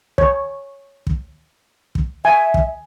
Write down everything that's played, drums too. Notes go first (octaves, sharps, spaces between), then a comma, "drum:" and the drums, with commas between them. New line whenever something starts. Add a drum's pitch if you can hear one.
C#5, drum: kick
drum: kick
drum: kick
E5 G#5
drum: kick